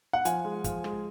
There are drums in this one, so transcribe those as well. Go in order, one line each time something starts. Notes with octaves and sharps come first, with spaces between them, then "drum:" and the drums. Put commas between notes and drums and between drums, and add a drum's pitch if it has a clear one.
F#5
F3 G#5, drum: hi-hat
G#3
F3, drum: kick, hi-hat
G#3, drum: rim click